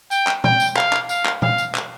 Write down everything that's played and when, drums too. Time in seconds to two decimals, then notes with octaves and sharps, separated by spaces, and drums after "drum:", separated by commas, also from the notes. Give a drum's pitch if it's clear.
0.11 G5, drum: tambourine
0.27 drum: clap
0.44 G5, drum: tom A#2
0.60 drum: tambourine
0.76 F5, drum: clap
0.93 drum: clap
1.09 F5, drum: tambourine
1.25 drum: clap
1.42 F5, drum: tom A#2
1.58 drum: tambourine
1.75 drum: clap